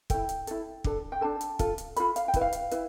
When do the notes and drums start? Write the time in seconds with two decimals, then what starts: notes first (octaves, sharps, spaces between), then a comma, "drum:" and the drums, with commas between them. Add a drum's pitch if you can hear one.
0.10 E4 A4 G5, drum: kick, hi-hat
0.29 drum: hi-hat
0.47 E4 A4, drum: hi-hat
0.84 D4 A4, drum: kick
1.12 G5
1.21 D4 A4 A5
1.41 drum: hi-hat
1.59 F4 A4, drum: kick, hi-hat
1.78 drum: hi-hat
1.96 F4 A4 B5, drum: hi-hat
2.16 F5, drum: hi-hat
2.28 G5
2.34 E4 B4, drum: kick, hi-hat
2.41 F5
2.53 drum: hi-hat
2.71 E4 B4, drum: hi-hat